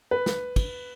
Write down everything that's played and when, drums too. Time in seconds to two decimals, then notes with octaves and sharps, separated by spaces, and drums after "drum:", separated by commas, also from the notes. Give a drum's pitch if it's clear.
0.11 B4
0.26 drum: snare
0.56 drum: kick, cymbal